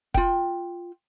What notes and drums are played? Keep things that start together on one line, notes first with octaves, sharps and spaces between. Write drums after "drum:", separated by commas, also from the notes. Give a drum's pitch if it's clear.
F4 G5, drum: kick F1